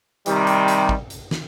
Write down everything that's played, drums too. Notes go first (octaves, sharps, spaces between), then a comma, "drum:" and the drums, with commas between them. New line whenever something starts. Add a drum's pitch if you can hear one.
C3 D#3 G3, drum: hi-hat
drum: hi-hat
drum: hi-hat
drum: kick
drum: hi-hat
drum: snare